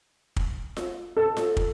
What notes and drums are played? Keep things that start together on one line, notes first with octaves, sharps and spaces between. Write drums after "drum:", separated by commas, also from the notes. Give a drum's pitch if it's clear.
drum: kick
drum: snare F4
A4
drum: snare F4
drum: kick